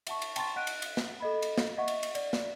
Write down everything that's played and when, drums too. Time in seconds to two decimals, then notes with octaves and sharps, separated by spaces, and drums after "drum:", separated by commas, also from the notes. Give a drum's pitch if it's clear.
0.07 E5 F#5 A5 C#6, drum: cymbal
0.22 drum: cymbal
0.36 G5 A5 A#5 C6 C#6 A6, drum: cymbal
0.56 D#5 F#5 F#6 D7 D#7
0.67 drum: cymbal
0.82 drum: cymbal
0.97 drum: snare
1.20 A4 D#5 B5
1.42 drum: cymbal
1.58 drum: snare
1.77 D#5 E5 F#5 C#6
1.88 drum: cymbal
2.03 drum: cymbal
2.15 D5, drum: cymbal
2.33 drum: snare